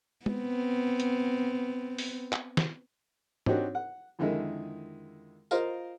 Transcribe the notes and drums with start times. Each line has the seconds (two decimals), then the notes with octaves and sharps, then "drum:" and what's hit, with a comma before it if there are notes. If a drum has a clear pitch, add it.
0.26 B3 C4, drum: tom G#3
1.00 drum: hi-hat
1.98 drum: open hi-hat
2.33 drum: clap
2.57 drum: snare
3.46 C4 D4 D#4 F#4 G4 C#5, drum: tom G#2
3.75 F#5
4.19 F2 D3 D#3 G#3 E4
5.51 F4 A#4 C5 D#5 F5, drum: tambourine